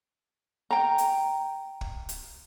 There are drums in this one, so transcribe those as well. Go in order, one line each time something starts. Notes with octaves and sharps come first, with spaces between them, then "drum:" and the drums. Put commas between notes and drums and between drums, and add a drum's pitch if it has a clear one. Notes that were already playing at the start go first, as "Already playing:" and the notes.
G5 A#5
drum: hi-hat
drum: kick
drum: hi-hat